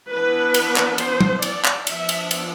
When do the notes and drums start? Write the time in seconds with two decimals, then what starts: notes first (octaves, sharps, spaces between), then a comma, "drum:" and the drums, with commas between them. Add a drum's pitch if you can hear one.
0.10 E3 B3 D4 B4
0.54 drum: cymbal
0.76 drum: clap
0.98 C5, drum: cymbal
1.21 drum: tom F#3
1.42 D5, drum: cymbal
1.65 drum: clap
1.87 F3 B3 D4 E5, drum: cymbal
2.09 drum: cymbal
2.31 drum: cymbal